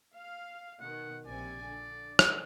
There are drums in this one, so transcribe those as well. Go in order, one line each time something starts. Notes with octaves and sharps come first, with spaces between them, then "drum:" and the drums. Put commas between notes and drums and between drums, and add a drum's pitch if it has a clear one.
F5
B2 D#3 F#5
A#1 C3 D5 G#5
D3
drum: rim click